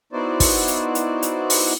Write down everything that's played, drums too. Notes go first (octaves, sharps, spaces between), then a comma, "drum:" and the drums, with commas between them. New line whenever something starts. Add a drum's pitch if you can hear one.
B3 D#4 E4 F#4 C5 D5
drum: kick, open hi-hat
drum: hi-hat
drum: hi-hat
drum: hi-hat
drum: open hi-hat